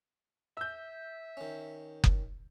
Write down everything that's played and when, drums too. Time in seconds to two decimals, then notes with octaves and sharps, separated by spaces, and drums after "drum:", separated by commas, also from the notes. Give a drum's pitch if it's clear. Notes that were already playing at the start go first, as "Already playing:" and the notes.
0.57 E5 E6 G6
1.37 D#3 C#4
2.04 drum: kick F#1